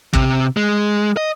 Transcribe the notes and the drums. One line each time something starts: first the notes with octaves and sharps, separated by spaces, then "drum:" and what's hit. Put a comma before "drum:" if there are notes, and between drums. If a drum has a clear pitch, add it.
C3, drum: kick
G#3
D#5